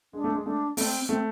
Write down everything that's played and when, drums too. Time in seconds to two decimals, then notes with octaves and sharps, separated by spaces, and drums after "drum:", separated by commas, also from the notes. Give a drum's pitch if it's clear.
0.13 G#3 D4
0.24 A3
0.35 G#3
0.45 A3 D4
0.77 A3 C4, drum: open hi-hat
1.09 A3 C4